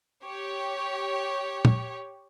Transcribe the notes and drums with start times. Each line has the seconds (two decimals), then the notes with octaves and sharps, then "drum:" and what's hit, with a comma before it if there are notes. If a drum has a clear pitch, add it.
0.25 G4 C#5
1.65 drum: tom A#2